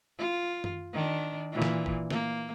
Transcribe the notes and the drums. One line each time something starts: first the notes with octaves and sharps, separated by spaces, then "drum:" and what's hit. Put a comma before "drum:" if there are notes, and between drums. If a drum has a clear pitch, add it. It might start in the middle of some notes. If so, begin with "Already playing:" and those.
F4
drum: tom F#2
D#3 D4
A#2 E3
drum: snare
drum: kick
A#3, drum: snare